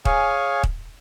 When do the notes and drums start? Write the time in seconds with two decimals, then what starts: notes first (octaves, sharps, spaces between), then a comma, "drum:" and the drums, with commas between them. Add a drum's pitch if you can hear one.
0.05 G#4 C#5 F5 G#5, drum: kick
0.63 drum: kick